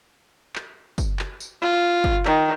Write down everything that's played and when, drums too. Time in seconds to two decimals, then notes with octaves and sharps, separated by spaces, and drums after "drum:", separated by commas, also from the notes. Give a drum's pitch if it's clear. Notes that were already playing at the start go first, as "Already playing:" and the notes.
0.56 drum: clap
0.98 drum: kick, tambourine
1.19 drum: clap
1.40 drum: tambourine
1.62 F4
2.04 drum: kick
2.25 D#3, drum: clap